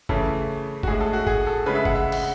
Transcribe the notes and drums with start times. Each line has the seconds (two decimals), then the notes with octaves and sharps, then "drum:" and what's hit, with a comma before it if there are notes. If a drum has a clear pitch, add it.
0.09 C#3 E3 A3 A4, drum: kick G1
0.83 F#4, drum: kick G1
0.87 A2 G#3 G#4
1.01 A4
1.13 F#4
1.27 G#4, drum: kick G1
1.47 A4
1.66 C#3 G#3 B4
1.75 E5
1.85 F#5, drum: kick G1
1.95 E5
2.12 F#5, drum: cymbal